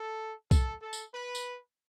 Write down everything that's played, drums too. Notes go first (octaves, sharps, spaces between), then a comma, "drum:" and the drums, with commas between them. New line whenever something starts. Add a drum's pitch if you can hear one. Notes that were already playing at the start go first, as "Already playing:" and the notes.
Already playing: A4
A4, drum: kick B1, tambourine
A4
drum: tambourine
B4
drum: tambourine